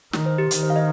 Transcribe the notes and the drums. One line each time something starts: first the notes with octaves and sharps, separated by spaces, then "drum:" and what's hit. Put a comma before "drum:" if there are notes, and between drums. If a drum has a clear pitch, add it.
D#3, drum: snare
C5
G4
D#3, drum: hi-hat
C5
F5
D#5